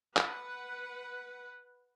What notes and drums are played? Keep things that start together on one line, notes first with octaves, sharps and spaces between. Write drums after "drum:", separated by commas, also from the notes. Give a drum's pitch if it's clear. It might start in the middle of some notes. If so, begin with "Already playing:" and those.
B4 F#5, drum: clap